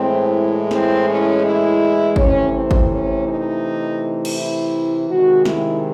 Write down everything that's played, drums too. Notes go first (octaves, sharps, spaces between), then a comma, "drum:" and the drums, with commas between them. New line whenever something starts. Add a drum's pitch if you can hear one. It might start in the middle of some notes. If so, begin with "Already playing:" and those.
Already playing: A2 E3 G#3 C4
C4, drum: snare
C#4
E4
C3 E3 A3 C#4, drum: kick G#1
C4
drum: kick G#1
C#4
D#4
drum: cymbal
E4
C3 D#3 G#3 F#4
E4, drum: snare